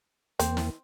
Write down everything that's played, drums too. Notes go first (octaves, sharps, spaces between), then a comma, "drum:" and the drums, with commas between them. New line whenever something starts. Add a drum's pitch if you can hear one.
E2 A#3 C4, drum: hi-hat
drum: snare